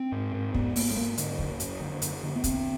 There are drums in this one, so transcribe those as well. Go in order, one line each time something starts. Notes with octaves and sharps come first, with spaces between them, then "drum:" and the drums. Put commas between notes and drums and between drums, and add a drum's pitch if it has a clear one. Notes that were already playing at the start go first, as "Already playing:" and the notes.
Already playing: C4
G#2
G#2
G#2 B3, drum: kick
G#2 A#3, drum: open hi-hat
A3
G#2 A#3
D3, drum: hi-hat
F#2, drum: kick
F#2, drum: hi-hat
D3
F#2, drum: hi-hat
D3
B3
D3 C4, drum: kick, hi-hat